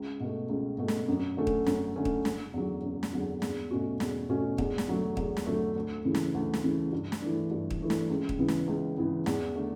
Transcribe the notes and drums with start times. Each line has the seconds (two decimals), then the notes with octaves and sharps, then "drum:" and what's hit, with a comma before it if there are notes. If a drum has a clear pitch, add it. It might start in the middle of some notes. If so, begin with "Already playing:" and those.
Already playing: C#2
0.20 B2 A3
0.49 C#2
0.78 B2 A3
0.88 drum: snare
1.08 F#2
1.37 D3 A3 C#4
1.47 drum: kick
1.66 F#2, drum: snare
1.96 D3 A3 C#4
2.05 drum: kick
2.25 F#1, drum: snare
2.54 E2 D3 F#3
2.83 F#1
3.03 drum: snare
3.13 E2 D3 F#3
3.42 E2, drum: snare
3.71 B2 A3 C#4 F#4
4.00 E2, drum: snare
4.29 B2 A3 C#4 F#4
4.58 E2, drum: kick
4.78 drum: snare
4.88 D3 F#3 A3
5.17 E2, drum: kick
5.37 drum: snare
5.46 D3 F#3 A3
5.76 D2
6.05 C#3 E3
6.15 drum: snare
6.34 D2
6.54 drum: snare
6.64 C#3 E3
6.93 G2
7.12 drum: snare
7.22 E3 A3 D4
7.51 G2
7.70 drum: kick
7.80 E3 A3 D4
7.90 drum: snare
8.10 C#2
8.29 drum: kick
8.39 C#3 E3 B3
8.48 drum: snare
8.68 C#2
8.97 C#3 E3 B3
9.26 E2, drum: snare
9.56 D3 A3